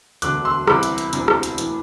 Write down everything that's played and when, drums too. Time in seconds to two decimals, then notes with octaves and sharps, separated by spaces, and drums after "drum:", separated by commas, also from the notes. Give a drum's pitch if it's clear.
0.22 E1 D2 D3 D6 F#6, drum: hi-hat
0.45 C6 E6
0.68 C2 C3 E3 B5 D6, drum: rim click
0.83 drum: hi-hat
0.98 drum: hi-hat
1.13 E1 D2 C3 E3, drum: hi-hat
1.28 drum: rim click
1.43 drum: hi-hat
1.58 A2 E3, drum: hi-hat